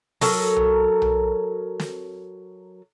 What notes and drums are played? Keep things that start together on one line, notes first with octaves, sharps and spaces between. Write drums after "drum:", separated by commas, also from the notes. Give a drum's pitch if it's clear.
F#3 A4 A#4, drum: open hi-hat
drum: tom B1
drum: tom B1
drum: snare